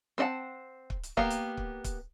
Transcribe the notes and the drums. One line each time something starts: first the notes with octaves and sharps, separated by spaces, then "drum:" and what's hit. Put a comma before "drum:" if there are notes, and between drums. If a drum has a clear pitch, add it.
C4 B4 D#5 F#5 A5
drum: kick
drum: hi-hat
A#3 B3 G4 F5 A#5, drum: kick
drum: hi-hat
drum: kick
drum: kick, hi-hat